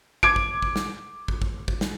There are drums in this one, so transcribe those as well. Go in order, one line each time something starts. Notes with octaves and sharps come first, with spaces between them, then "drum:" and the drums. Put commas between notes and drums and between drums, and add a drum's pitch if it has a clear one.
D6 G#6 D7, drum: kick
drum: kick
drum: kick
drum: snare
drum: kick
drum: kick
drum: kick
drum: snare